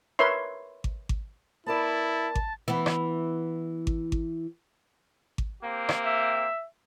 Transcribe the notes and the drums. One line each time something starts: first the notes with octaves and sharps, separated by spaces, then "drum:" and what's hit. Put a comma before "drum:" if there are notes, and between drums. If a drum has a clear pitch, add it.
A#4 B4 C#5 E5 C6
drum: kick G#1
drum: kick G#1
B3 E4 A#4 D5 A5
drum: kick G#1
E3 B3
drum: rim click
drum: kick G#1
drum: kick G#1
drum: kick G#1
A#3 C4 G4
drum: rim click
E5